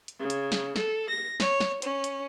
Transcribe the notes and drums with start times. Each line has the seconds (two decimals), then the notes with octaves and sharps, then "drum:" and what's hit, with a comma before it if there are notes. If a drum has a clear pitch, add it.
0.08 drum: hi-hat
0.19 C#3
0.30 drum: hi-hat
0.52 drum: snare
0.76 A4, drum: snare
1.09 A#6
1.40 C#5, drum: snare
1.60 drum: snare
1.82 C#4, drum: hi-hat
2.04 drum: hi-hat